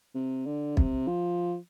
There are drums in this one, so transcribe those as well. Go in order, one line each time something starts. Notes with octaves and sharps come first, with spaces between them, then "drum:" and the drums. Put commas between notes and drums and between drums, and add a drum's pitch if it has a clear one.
C3
D3
C3, drum: kick
F3